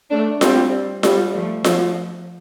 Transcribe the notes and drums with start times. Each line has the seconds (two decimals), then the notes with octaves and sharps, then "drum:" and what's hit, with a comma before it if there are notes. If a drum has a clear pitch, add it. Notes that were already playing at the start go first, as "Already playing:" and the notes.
0.10 A3 D4
0.41 G3 C4, drum: snare F4
1.03 G3, drum: snare F4
1.34 F3 A3
1.64 F3, drum: snare F4